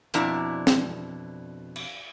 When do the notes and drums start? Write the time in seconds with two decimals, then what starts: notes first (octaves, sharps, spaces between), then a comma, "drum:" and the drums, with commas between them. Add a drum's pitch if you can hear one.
0.14 F2 B2 D4 E4 D5 A#5, drum: hi-hat
0.67 drum: snare
1.76 drum: cymbal